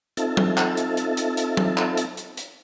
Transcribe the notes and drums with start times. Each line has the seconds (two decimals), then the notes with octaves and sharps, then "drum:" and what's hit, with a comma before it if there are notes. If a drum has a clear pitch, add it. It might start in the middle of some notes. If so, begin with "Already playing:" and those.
0.17 C4 D#4 F4 A4 E5 A5, drum: hi-hat
0.37 drum: tom F#3
0.57 drum: clap
0.77 drum: hi-hat
0.97 drum: hi-hat
1.17 drum: hi-hat
1.37 drum: hi-hat
1.57 drum: tom F#3
1.77 drum: clap
1.97 drum: hi-hat
2.17 drum: hi-hat
2.37 drum: hi-hat